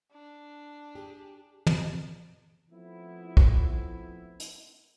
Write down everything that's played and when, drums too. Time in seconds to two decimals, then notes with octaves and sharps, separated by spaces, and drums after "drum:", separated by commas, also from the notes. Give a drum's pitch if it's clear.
0.12 D4
0.95 G4 G#4
1.67 drum: tom
2.71 F3 A3 B3 C4 E4
3.37 drum: kick
4.40 drum: hi-hat